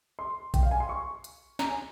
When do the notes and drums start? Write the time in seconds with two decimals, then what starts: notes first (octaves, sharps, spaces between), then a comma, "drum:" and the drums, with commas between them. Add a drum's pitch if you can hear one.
0.19 C6
0.54 G5, drum: kick A#1, hi-hat
0.63 F5
0.71 G#5
0.80 C6
0.89 C#6
1.24 drum: hi-hat
1.59 A#5, drum: snare
1.68 G#5